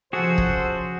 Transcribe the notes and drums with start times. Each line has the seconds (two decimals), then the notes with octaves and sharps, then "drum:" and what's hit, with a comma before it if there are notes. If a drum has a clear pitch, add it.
0.13 C#3 F3 F#4 G#4 A4 C5 F#5
0.38 drum: kick